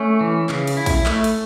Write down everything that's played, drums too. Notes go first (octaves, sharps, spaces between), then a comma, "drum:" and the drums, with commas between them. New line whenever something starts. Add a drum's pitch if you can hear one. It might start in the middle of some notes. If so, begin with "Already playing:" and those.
Already playing: A3 C#4
E3
C#3, drum: clap
drum: cymbal
E4
drum: kick, cymbal
A3, drum: clap
drum: cymbal